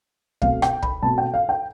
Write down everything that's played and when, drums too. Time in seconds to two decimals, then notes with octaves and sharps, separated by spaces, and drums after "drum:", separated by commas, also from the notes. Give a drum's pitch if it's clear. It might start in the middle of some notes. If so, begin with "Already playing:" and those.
0.42 B2 A3 C4 F5, drum: kick
0.62 G5, drum: rim click
0.82 B5, drum: kick
1.02 B2 A3 C4 A5
1.18 G5
1.34 F5
1.49 G5